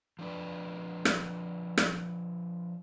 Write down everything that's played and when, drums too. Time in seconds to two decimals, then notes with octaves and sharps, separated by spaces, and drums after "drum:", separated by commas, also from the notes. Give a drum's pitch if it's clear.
0.19 F3 D4 B4
1.05 drum: rim click
1.78 drum: rim click